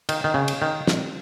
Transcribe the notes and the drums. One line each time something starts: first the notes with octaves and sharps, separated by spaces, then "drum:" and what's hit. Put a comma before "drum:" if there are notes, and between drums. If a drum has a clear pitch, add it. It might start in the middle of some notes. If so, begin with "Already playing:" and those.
D#3, drum: cymbal
D#3
C#3
drum: cymbal
D#3
drum: snare